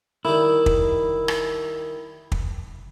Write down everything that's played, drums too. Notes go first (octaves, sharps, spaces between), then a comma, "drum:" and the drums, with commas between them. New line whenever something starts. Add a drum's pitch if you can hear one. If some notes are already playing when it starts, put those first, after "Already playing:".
D#3 G3 E4
drum: kick
drum: rim click
drum: kick